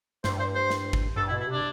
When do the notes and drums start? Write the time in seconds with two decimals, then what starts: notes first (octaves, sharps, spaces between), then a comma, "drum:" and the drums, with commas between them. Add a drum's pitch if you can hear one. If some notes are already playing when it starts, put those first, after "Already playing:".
0.24 G2 C5, drum: snare
0.39 C5
0.55 C5
0.70 drum: snare
0.93 drum: kick G#1
1.16 G2 A4
1.28 E4
1.31 B2
1.40 E4
1.47 C3 D4